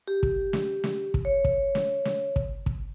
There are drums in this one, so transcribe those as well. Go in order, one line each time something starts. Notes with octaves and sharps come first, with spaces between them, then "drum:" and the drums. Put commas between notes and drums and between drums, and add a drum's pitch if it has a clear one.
G4
drum: kick
drum: snare
drum: snare
drum: kick
C#5
drum: kick
drum: snare
drum: snare
drum: kick
drum: kick